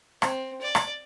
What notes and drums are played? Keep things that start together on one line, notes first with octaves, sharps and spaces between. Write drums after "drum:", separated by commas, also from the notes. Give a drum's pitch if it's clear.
C4, drum: rim click
D5
drum: rim click